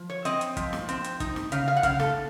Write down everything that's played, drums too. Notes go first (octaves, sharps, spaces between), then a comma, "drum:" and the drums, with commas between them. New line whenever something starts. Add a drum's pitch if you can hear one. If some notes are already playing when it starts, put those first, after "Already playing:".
Already playing: F3
C#5
C4 D#5, drum: hi-hat
drum: hi-hat
F3, drum: kick, hi-hat
drum: snare
C4, drum: hi-hat
drum: hi-hat
D#4, drum: kick, hi-hat
drum: snare
C#3 F5, drum: hi-hat
F5
F#5
C#3 F5, drum: kick, hi-hat
A4, drum: snare